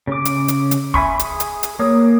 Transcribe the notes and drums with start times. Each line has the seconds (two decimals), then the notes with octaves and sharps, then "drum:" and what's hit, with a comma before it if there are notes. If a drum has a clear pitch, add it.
0.07 C#3 D6
0.25 drum: hi-hat
0.48 drum: hi-hat
0.71 drum: hi-hat
0.94 E5 G#5 B5 C#6, drum: kick
1.19 G#4, drum: hi-hat
1.40 drum: hi-hat
1.63 drum: hi-hat
1.79 A#3 C#5 D#6